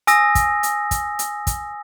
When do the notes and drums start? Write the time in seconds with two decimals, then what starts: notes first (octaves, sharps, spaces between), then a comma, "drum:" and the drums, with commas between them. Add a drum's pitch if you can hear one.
0.07 G#5 D#6 E6 A#6, drum: hi-hat
0.35 drum: kick, hi-hat
0.63 drum: hi-hat
0.91 drum: kick, hi-hat
1.19 drum: hi-hat
1.47 drum: kick, hi-hat